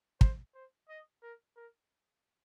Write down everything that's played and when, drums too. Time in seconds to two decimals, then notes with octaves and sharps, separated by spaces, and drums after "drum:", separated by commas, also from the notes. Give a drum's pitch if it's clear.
0.21 C5, drum: kick
0.55 C5
0.89 D#5
1.23 A#4
1.57 A#4